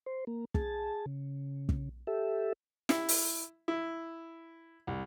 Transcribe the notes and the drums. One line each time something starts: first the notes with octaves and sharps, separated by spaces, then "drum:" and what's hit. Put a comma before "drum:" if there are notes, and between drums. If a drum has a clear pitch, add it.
C5
A#3
G#4 A5, drum: kick
C#3
drum: kick
G4 A4 E5
E4, drum: snare
drum: open hi-hat
E4
C2